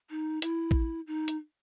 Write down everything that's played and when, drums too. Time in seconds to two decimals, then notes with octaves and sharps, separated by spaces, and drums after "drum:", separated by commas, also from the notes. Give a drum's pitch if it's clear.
0.10 D#4
0.42 E4, drum: hi-hat
0.71 drum: kick A#1
1.07 D#4
1.28 drum: hi-hat